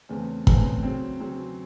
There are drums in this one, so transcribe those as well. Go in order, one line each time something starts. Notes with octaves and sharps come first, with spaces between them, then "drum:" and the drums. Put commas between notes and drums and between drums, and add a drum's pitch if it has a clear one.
E2 C#3 E3 A3 C4
E2 C#3 E3 A3 C4, drum: kick
C#3 F#3 C4
C#3 F#3 C4